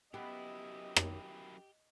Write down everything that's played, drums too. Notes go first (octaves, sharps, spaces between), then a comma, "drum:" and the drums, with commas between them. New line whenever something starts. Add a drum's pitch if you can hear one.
F#2 B3 E4 G4 D#5
drum: rim click